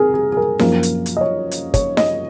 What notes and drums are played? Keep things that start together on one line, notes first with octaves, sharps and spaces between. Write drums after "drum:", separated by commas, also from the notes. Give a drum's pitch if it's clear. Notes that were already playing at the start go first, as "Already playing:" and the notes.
Already playing: C3 G#4 A#4
G#4
G#4
A#4
F#2 F3 A#3 A#4, drum: snare D#4
drum: hi-hat
drum: hi-hat
D#5
C#5
drum: hi-hat
C#5, drum: kick, hi-hat
D#5, drum: snare D#4